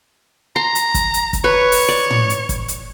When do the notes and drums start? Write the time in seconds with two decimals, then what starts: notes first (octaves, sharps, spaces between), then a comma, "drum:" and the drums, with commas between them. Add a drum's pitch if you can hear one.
0.56 A#5 C6
0.75 drum: hi-hat
0.94 drum: kick, hi-hat
1.14 drum: hi-hat
1.33 drum: kick, hi-hat
1.44 B4 C#5
1.72 drum: open hi-hat
1.89 D5
2.10 drum: tom
2.30 drum: hi-hat
2.49 drum: kick, hi-hat
2.68 drum: hi-hat